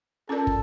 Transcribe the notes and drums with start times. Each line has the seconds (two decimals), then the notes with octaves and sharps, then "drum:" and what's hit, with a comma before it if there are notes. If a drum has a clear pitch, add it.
0.29 C#4 F4 A4 A#4 D5
0.47 drum: kick